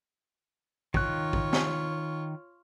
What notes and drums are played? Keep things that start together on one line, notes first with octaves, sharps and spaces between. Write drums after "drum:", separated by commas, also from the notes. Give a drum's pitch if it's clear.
D#3 F4 C#5 F#6, drum: kick
drum: kick
drum: snare